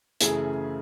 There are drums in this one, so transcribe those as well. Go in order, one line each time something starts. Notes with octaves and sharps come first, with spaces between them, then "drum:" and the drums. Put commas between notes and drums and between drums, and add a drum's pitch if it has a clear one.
F#2 C#3 E3 A3 G#4, drum: hi-hat